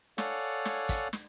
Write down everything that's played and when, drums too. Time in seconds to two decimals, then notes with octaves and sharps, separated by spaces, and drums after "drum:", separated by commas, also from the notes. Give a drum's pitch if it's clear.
0.18 A4 C#5 D5 F5 F#5 G#5, drum: snare
0.65 drum: snare
0.89 drum: kick, hi-hat
1.13 drum: snare